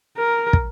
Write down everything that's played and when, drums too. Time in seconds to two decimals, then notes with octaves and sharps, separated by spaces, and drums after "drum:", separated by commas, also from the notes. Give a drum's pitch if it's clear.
0.17 A#4
0.53 drum: kick